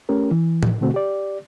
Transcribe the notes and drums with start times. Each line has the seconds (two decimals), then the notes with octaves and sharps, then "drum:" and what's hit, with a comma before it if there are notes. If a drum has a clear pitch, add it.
0.09 A3 C#4 G4 A#4
0.31 E3
0.63 drum: tom A2
0.81 B2 D3 A3 C4 F#4
0.94 G4 D5